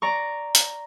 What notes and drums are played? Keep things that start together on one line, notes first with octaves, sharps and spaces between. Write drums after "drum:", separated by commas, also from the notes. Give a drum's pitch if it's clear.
D5 A#5 C#6
drum: hi-hat